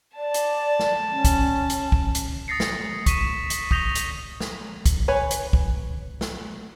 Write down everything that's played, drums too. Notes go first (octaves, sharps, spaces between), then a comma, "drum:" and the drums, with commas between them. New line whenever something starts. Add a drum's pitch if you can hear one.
D5 A5
drum: hi-hat
drum: snare
C#4
drum: kick, hi-hat
drum: hi-hat
drum: kick
drum: hi-hat
D#6 A6 A#6 C7 C#7
drum: snare
C#6 B6 D#7 E7, drum: kick, hi-hat
drum: hi-hat
C#6 D#6 G6 A#6 F7 G7, drum: kick
drum: hi-hat
drum: snare
drum: kick, hi-hat
B4 C#5 G#5
drum: hi-hat
drum: kick
drum: snare